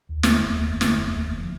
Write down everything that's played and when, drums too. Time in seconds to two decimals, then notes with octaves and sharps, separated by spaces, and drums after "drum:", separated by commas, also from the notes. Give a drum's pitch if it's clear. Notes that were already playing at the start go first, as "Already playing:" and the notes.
0.09 D#2
0.23 D3, drum: snare
0.38 F1
0.51 D#2
0.66 F1
0.81 D3, drum: snare
0.95 F1
1.09 D#2
1.23 F1
1.37 F3